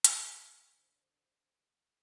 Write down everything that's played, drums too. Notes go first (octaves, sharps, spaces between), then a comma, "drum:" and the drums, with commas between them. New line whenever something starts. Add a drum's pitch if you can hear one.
drum: hi-hat
D3 C5 F#5 B5 A6